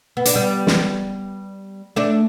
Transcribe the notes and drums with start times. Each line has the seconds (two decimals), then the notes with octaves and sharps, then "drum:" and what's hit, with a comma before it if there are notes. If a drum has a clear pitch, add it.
0.17 B3
0.26 D4, drum: hi-hat
0.35 G3 B3
0.67 drum: snare
1.96 A3 D4